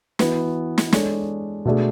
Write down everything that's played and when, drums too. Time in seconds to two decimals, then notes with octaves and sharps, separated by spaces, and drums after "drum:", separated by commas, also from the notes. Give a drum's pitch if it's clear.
0.19 E3 B3 F#4, drum: snare
0.78 drum: snare
0.92 G#3 D4 A4 C#5, drum: snare
1.65 B2 A3 D4 G#4